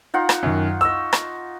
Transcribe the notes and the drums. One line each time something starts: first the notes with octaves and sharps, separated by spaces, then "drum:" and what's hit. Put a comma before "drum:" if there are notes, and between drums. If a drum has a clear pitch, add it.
D#4 F4 F#5
drum: rim click
F#2 D#3
D#5 C#6 E6
drum: rim click